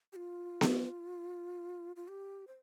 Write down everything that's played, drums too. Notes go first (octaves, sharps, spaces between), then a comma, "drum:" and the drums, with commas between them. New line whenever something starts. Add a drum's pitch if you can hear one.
G4
F4
drum: snare B3
F4
G4
C5